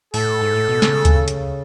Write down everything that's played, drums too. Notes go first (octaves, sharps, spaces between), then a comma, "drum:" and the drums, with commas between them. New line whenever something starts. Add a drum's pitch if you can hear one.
A2 A4, drum: open hi-hat
G#2
A2
B2
C#3, drum: snare
drum: kick D2, hi-hat
drum: hi-hat